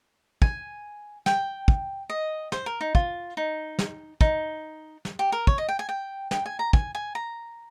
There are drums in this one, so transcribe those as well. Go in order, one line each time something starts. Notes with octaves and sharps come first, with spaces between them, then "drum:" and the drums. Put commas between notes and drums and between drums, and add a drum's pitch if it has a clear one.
G#5, drum: kick
G5, drum: snare
drum: kick
D#5
C5, drum: snare
A#4
D#4
F4, drum: kick
D#4
drum: snare
D#4, drum: kick
drum: snare
G4
A#4
C#5, drum: kick
D#5
G5
G#5
G5
G5, drum: snare
G#5
A#5
G#5, drum: kick
G#5
A#5